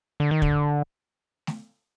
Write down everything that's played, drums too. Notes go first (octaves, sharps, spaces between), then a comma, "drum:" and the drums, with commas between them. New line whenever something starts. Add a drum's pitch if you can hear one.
D3
D#3
D3, drum: kick
drum: snare A3